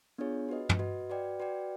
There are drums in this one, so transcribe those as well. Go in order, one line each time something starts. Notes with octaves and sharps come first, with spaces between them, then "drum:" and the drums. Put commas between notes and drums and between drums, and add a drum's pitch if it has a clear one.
B3 D4 F4 G#4 C#5
F#4 B4 D#5
drum: tom
F#4 B4 D#5
F#4 B4 D5 G5
F#4 B4 D5 G5